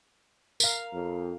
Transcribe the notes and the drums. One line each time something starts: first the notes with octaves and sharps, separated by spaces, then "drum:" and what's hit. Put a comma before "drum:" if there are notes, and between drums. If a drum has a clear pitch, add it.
A#4 F5, drum: tambourine
F2